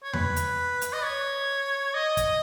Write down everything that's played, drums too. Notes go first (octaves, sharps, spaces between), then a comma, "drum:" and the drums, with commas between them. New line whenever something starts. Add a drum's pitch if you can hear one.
C#5
B4, drum: tom E2
drum: hi-hat
drum: hi-hat
D#5
C#5
D#5
drum: kick, hi-hat